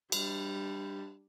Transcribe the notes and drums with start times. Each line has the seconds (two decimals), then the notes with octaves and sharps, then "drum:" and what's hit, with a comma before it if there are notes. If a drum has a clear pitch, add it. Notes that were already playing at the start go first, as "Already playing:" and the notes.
0.12 G3 D4, drum: cymbal